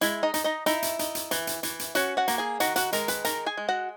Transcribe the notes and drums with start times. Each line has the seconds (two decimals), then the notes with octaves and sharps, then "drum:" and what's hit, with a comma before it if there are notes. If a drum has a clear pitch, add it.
0.01 G#3 E4 E5, drum: hi-hat
0.23 D#4 D#5
0.34 D#4, drum: hi-hat
0.44 D#4 D#5
0.66 D#4 E4 E5, drum: hi-hat
0.82 drum: hi-hat
0.99 D#4, drum: hi-hat
1.15 drum: hi-hat
1.31 E3, drum: hi-hat
1.47 drum: hi-hat
1.63 E3, drum: hi-hat
1.79 drum: hi-hat
1.95 C#4 F#4 F#5, drum: hi-hat
2.17 F#4 F#5
2.28 A#3, drum: hi-hat
2.38 G#4 G#5
2.60 D#3 F#4 F#5, drum: hi-hat
2.76 F#4 F#5, drum: hi-hat
2.93 G#3 A#4 A#5, drum: hi-hat
3.08 B4 B5, drum: hi-hat
3.25 D#3 A#4 A#5, drum: hi-hat
3.46 G#4 G#5
3.57 G#3
3.69 F#4 F#5